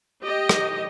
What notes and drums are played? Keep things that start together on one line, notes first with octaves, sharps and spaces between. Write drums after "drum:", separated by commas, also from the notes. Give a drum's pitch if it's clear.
G4 D#5
drum: rim click